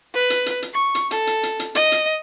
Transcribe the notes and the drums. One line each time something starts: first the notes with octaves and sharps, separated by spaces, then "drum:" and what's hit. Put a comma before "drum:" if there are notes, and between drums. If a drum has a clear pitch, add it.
B4
drum: hi-hat
drum: hi-hat
drum: hi-hat
C#6
drum: hi-hat
A4, drum: hi-hat
drum: hi-hat
drum: hi-hat
drum: hi-hat
D#5, drum: hi-hat
drum: hi-hat